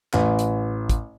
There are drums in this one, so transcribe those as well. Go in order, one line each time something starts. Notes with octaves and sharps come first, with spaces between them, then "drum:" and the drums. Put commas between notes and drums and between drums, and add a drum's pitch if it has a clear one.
A1, drum: clap
drum: hi-hat
drum: kick, hi-hat